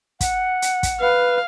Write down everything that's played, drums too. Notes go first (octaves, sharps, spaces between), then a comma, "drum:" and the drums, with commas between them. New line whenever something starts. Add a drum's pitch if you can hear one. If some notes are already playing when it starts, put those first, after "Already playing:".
F#5, drum: kick, hi-hat
drum: hi-hat
drum: kick, hi-hat
B4 F5